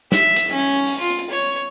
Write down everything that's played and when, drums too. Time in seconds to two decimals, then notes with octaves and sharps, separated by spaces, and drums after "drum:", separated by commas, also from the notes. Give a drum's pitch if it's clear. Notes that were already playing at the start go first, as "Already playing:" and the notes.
0.12 E5, drum: snare
0.36 drum: hi-hat
0.52 C#4
0.86 drum: open hi-hat
1.00 F4
1.10 drum: hi-hat
1.30 C#5